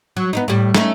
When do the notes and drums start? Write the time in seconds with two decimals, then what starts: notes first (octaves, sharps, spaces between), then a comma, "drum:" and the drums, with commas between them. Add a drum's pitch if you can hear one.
0.17 F#3
0.33 B3 D4 D#4
0.48 A2 G3
0.75 A3 C#4 D#4, drum: snare